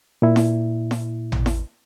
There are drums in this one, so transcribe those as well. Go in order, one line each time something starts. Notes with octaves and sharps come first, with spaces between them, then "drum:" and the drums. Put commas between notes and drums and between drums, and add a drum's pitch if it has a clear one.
A#2 E4
drum: snare E4
drum: snare E4
drum: tom
drum: snare E4